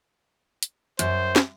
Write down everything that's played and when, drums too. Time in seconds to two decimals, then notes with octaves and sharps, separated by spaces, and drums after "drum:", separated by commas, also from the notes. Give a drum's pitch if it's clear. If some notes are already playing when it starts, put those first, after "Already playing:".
0.63 drum: hi-hat
0.99 F#2 C5, drum: hi-hat
1.36 drum: snare